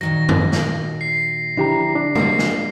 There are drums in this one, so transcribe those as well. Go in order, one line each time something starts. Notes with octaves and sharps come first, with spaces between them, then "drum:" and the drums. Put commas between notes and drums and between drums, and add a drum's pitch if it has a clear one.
A#2 D#3 F#3 A#6
drum: tom
drum: snare
C7
D3 F3 D4 E4 G4 A#5
D4
F3 G3 G#3 A#3 F#4 C7, drum: tom
drum: snare